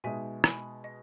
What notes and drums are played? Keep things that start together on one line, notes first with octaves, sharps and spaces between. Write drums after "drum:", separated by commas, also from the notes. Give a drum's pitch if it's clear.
B2 G#3 D#4 E5 G#5
G#5 B5, drum: rim click
D#5